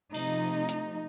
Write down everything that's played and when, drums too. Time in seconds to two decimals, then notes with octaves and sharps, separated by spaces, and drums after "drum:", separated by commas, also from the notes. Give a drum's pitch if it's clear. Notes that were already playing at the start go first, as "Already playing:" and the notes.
0.14 C3 F3 A3 D#4, drum: cymbal
0.69 drum: hi-hat